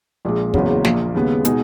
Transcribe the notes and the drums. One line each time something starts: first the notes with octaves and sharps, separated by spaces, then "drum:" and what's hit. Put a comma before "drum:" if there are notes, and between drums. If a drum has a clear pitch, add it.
A#1 A#2 G#3
F#1 E2 C#3 F#3, drum: kick
A#1 A#2 A#3, drum: snare
D#2 C#3 G#3 B3
B2 G#3 D#4 G#4, drum: hi-hat